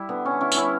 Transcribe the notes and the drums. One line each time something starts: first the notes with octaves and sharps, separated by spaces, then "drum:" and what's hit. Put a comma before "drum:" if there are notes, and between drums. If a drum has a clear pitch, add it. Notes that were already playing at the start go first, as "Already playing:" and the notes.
Already playing: G3 E4
D3 B3
D3 C#4
C#4 E4
G3 C#4 E4, drum: tambourine